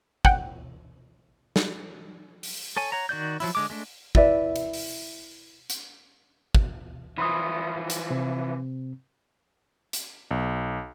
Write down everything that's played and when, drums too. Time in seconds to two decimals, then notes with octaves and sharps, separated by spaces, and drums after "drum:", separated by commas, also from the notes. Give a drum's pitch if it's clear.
0.25 F#5 G5, drum: kick
1.56 drum: snare
2.43 drum: open hi-hat
2.77 A4 C#5 G#5
2.92 C#5 F#5 A#5
3.09 D#3 F#4 D5 G6
3.40 F3 F#3 E4, drum: open hi-hat
3.55 D3 G#3 D6
3.70 G#3 A3 D4
4.15 E4 B4 D5 E5, drum: kick
4.56 drum: hi-hat
4.73 drum: open hi-hat
5.70 drum: hi-hat
6.55 drum: kick
7.18 E3 F3 B5 C6 D#6
7.90 drum: hi-hat
8.10 C3 C4
9.93 drum: hi-hat
10.31 B1